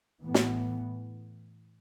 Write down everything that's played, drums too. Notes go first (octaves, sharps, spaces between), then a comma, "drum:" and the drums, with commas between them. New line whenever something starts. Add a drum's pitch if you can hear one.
A2 E3 B3
drum: snare